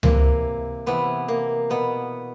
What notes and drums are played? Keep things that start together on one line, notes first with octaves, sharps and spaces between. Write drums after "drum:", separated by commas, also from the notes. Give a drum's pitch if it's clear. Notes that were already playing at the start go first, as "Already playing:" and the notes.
C3 E3 A#3, drum: tom C#2
C3 E3 B3
A#3
B2 B3